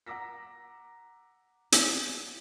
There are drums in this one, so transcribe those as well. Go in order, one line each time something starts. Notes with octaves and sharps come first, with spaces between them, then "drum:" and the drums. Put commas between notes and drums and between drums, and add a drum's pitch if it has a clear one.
F#5 A#5 D6 E6 A#6 B6
drum: hi-hat